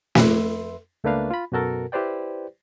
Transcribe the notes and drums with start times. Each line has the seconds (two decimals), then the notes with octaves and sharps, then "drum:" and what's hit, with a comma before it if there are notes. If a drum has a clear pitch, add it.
0.15 F2 B4 E5 C6, drum: snare
1.04 C#2 A3 A#3 D4 B4 F5
1.31 F4 B5
1.52 F#2 B2 F#4 A4 A#4
1.92 E4 G4 B4 C5 D5 G5